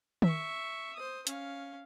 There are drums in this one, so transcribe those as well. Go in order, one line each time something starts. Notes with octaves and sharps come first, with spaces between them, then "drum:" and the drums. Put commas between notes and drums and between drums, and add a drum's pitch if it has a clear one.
E5 C#6, drum: tom D#3
C5 D#6
C#4 F5, drum: hi-hat